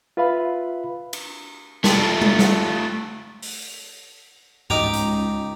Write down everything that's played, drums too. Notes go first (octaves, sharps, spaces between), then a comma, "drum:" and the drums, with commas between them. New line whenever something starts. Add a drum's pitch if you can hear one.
F4 B4 E5 F5 B5
drum: cymbal
A3 F4, drum: snare
drum: tom G3
drum: snare
drum: open hi-hat
C#2 D#4 G4 A#5, drum: tom G#2
drum: hi-hat